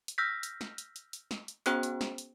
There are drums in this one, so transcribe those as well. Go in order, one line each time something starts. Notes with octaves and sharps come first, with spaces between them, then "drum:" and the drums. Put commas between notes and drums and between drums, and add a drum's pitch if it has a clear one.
drum: hi-hat
E6 F6 G6 A#6 B6
drum: hi-hat
drum: snare
drum: hi-hat
drum: hi-hat
drum: hi-hat
drum: snare
drum: hi-hat
B3 C#4 F#4 G#4 C5 G5, drum: hi-hat
drum: hi-hat
drum: snare
drum: hi-hat